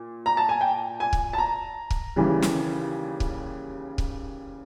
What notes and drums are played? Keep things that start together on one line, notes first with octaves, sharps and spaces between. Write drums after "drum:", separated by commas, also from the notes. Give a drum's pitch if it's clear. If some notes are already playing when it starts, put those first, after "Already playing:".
Already playing: A#2
A#5
A5
G#5
G5
G#5
drum: kick C#1
A5
A#5
drum: kick C#1
D#2 C#3 E3 G3
drum: snare
drum: kick C#1
drum: kick C#1